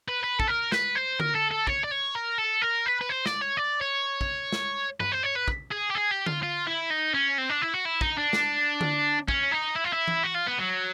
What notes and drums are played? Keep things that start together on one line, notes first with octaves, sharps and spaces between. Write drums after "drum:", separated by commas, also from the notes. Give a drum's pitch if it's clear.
B4
B4
A4, drum: kick
A#4
B4, drum: snare
C5
A#4, drum: tom D3
A4
A4
C#5, drum: kick
D5
C#5
A#4
A4
A#4
B4
B4
C5
D5, drum: snare
C#5
D5
C#5
drum: kick
drum: snare
B4, drum: tom G2
C5
C#5
B4
drum: kick
G#4
G4
G#4
G4
F4, drum: tom D3
F4
E4
D#4
C#4
C4
D4
E4
F#4
E4
D#4, drum: kick
D4
drum: snare
drum: tom D3
C#4, drum: kick
D#4
E4
F4
E4
drum: tom E3
F#4
F4
B3
F#3